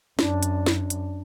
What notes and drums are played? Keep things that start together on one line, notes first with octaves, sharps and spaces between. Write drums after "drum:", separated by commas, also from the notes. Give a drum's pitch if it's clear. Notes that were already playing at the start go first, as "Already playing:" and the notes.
F#2 D4, drum: snare
drum: hi-hat
drum: snare
drum: hi-hat